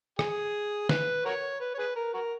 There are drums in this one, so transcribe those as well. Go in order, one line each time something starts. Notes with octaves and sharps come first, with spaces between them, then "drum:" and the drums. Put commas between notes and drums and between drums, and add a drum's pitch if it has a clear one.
G#4, drum: rim click
B4, drum: snare
F#4 A#4 C#5
B4
C#5
G#4 B4
A#4
F#4 A#4